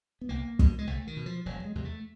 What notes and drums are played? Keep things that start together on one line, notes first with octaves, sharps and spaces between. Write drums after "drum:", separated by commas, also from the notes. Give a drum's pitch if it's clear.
B3
C2 A#3
B2, drum: kick
G#3
C2 A3
D#3
B2
F3
E1 F#3
G#3
E2 C3 G#3
A3